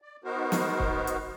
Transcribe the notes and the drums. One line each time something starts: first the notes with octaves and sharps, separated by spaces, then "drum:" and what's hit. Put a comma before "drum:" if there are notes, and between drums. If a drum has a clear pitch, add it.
D5
B3 D#4 F#4 A#4 C5
drum: snare
drum: kick
drum: hi-hat